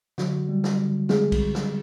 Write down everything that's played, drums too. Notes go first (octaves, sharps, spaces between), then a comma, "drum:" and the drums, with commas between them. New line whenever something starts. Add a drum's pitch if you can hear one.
D3 F#3 F#4, drum: snare
G3
drum: snare
D3
G#3 C4 G#4, drum: snare
drum: kick, cymbal
drum: snare